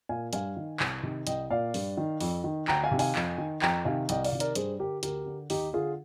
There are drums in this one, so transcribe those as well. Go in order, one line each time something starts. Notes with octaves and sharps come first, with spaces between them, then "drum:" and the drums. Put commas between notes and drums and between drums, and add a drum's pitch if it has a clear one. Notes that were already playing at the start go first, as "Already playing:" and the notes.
A#2 F5 G#5
G2 F5 G#5, drum: hi-hat
D#3
C2, drum: clap
C3 D#3
C2 D#5 G5, drum: hi-hat
A#2 D5 F5
G2, drum: open hi-hat
D#3
F2, drum: open hi-hat
D#3
D2 G5 A#5, drum: clap
F5 G#5
C3 D#3
F5 G#5, drum: open hi-hat
F2, drum: clap
D#3
F2 G5 A#5, drum: clap
C3 D#3 F5 G#5
C2 D#5 G5, drum: hi-hat
D5 F5, drum: open hi-hat
C3 D#3
A#4 D5, drum: hi-hat
G2 G#4 C5, drum: hi-hat
D3 G4 A#4
D2 G4 A#4, drum: hi-hat
D3
D#2 D#4 G4, drum: open hi-hat
D3 F4 G#4